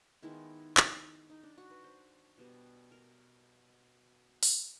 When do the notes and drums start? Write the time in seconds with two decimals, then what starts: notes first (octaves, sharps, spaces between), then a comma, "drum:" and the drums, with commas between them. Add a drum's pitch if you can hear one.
0.23 D#3 G#3 B3 E4
0.77 drum: clap
1.30 D#4
1.43 D4
1.58 F#4
1.70 B4
1.84 C5
2.38 B2 G3 B3
2.92 A#4
4.43 drum: open hi-hat